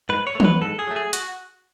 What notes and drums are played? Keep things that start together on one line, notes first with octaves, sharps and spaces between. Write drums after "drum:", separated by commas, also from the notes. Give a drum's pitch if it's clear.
G#2 B4
C#5
A3
F#3 B4, drum: tom
G#2 A4
G#4
F#3 A3
G#4
F#4, drum: hi-hat